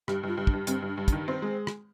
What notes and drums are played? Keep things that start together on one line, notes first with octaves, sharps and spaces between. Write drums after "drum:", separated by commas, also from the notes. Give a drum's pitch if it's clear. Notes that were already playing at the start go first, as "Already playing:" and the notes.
G2 G4, drum: rim click
G2 F4
G2
D4, drum: kick
G2
G2 C4, drum: hi-hat
G2
D4
G2
D4, drum: kick, hi-hat
D#3
C4
G#3
drum: rim click